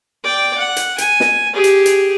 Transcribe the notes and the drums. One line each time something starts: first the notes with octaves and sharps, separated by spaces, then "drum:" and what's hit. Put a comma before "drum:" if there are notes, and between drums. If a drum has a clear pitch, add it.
D5 G5
F#5
drum: hi-hat
G#5, drum: hi-hat
drum: snare
G4 G#4
drum: hi-hat
drum: hi-hat